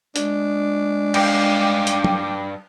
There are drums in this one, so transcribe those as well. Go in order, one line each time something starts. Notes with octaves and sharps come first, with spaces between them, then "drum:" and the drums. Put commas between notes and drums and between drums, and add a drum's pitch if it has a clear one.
G#3 D4, drum: hi-hat
G2 F5 G5 D6, drum: cymbal
drum: hi-hat
drum: tom